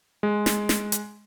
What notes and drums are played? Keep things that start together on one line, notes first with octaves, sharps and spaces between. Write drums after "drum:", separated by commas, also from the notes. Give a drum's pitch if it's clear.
G#3
drum: snare
drum: snare
drum: hi-hat